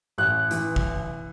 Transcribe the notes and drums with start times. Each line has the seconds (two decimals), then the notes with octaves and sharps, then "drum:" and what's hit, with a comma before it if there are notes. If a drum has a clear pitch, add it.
0.18 A1 F#6
0.51 E3, drum: hi-hat
0.76 drum: kick